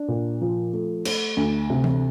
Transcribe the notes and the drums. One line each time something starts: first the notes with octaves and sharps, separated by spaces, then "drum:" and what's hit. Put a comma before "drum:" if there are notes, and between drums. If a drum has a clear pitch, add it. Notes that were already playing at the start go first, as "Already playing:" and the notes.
Already playing: D4
A#2
F3
A3
A3, drum: cymbal
D2
C3
drum: tom E3